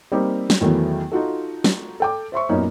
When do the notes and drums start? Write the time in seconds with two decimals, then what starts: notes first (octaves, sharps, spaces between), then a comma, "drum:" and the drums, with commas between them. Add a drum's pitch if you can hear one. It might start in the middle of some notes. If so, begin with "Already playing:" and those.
0.12 G3 A#3 C4 D#4 G4
0.50 drum: snare
0.61 E2 D#3 E3 F#3 A3 B3
1.12 D#4 F4 F#4 A4
1.64 drum: snare
2.00 A4 G5 D6
2.32 C5 E5 C6 C#6
2.49 F#2 A#2 A#3 B3 C#4 D#4